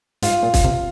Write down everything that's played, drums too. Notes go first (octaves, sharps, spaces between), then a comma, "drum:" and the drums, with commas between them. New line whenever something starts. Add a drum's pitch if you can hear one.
G#2 F4, drum: hi-hat
A#2
drum: kick, hi-hat
C3